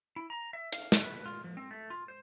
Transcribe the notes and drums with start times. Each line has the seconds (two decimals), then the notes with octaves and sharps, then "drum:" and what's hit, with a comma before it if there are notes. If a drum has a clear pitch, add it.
0.16 E4
0.30 A#5
0.53 E5
0.73 F5, drum: hi-hat
0.92 G#3, drum: snare
1.04 B4
1.26 F4
1.44 F3
1.57 C4
1.71 A3
1.90 F4
2.08 C5